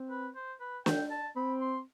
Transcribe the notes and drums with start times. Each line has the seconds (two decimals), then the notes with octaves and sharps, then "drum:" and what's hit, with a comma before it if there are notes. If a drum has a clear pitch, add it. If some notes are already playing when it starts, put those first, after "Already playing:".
Already playing: C4
0.10 B4
0.35 C5
0.61 B4
0.86 G5, drum: snare
1.11 A5
1.36 C4 B5
1.61 C6